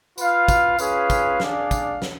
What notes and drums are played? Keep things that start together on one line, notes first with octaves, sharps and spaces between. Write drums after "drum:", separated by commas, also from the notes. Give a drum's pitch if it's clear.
F4 B4 F5, drum: tambourine
drum: kick, tambourine
C#4 F4 G#4 B4 F5, drum: tambourine
drum: kick, tambourine
D4 G#4 D5 F5, drum: snare
drum: kick, tambourine
drum: snare